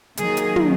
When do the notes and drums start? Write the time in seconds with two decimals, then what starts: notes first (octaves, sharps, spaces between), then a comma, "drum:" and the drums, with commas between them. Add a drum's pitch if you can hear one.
0.17 D#3 F#3 A#3 G#4, drum: hi-hat
0.37 drum: hi-hat
0.56 drum: tom